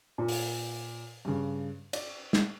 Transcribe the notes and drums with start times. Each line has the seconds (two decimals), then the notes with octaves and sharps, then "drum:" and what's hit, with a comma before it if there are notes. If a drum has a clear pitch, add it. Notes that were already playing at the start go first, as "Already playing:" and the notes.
0.18 A#2
0.28 drum: open hi-hat
1.25 G2 C#3
1.93 D5, drum: cymbal
2.33 drum: snare